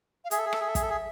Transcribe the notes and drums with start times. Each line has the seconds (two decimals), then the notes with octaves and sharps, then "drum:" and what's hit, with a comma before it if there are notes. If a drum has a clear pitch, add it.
0.25 F5
0.31 G#4 E5, drum: hi-hat
0.38 A4
0.45 G#4
0.53 A4, drum: rim click
0.61 G#4
0.68 A4
0.75 G#4, drum: kick, hi-hat
0.82 A4
0.90 G#4